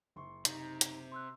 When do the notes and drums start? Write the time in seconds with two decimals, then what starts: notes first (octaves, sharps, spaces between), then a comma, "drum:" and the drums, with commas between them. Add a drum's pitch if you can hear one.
0.16 F#1 C6 C#6
0.45 C3 D#4, drum: hi-hat
0.81 drum: hi-hat
1.12 C6 E6 F#6